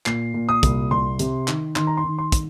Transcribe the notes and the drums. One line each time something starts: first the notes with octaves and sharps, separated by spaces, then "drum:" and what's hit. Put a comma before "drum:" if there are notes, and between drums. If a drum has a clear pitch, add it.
A#2 C7, drum: clap
A#2
D#6
C2, drum: kick, hi-hat
C2 C6
C3, drum: hi-hat
D#3, drum: clap
D#3 C6, drum: clap
A#5
C6
D#3
C6
drum: kick, hi-hat